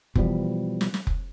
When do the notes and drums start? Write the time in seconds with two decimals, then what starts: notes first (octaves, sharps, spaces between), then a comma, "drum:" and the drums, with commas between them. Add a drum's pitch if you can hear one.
0.15 B2 E3 F3 G3, drum: kick F1
0.81 drum: snare
0.94 drum: snare
1.07 drum: kick F1